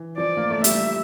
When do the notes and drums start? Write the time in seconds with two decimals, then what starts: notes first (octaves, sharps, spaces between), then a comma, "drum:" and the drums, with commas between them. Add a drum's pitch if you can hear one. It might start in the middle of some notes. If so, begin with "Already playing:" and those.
Already playing: E3
0.18 F3 D5
0.37 A#3
0.50 A3
0.64 G3 E5, drum: hi-hat